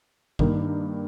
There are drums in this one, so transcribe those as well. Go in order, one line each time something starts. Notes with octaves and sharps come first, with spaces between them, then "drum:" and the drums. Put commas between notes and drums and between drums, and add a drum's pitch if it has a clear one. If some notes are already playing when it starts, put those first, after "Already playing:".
G2 D#3 A#3, drum: kick